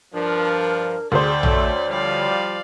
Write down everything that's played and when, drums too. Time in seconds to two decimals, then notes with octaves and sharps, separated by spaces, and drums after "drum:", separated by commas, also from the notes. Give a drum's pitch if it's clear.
0.14 G2 F3 D4 A#4
1.12 D2 G#4 C5 D5 G5
1.43 A3 C#5, drum: tom A#1
1.90 F3 G3 D5 F5